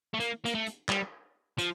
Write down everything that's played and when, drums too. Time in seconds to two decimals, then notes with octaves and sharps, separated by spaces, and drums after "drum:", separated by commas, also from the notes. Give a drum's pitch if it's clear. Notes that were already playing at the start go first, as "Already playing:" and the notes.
0.14 A3
0.20 A#3, drum: hi-hat
0.45 A#3, drum: hi-hat
0.55 A3
0.66 drum: hi-hat
0.89 G3, drum: clap
1.58 F3, drum: hi-hat